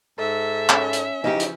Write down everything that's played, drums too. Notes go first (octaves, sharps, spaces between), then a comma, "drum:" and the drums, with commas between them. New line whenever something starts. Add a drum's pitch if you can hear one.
G#2 A4 E5
C#4, drum: clap
drum: hi-hat
C#3 E3 F3 D#4 G4
drum: hi-hat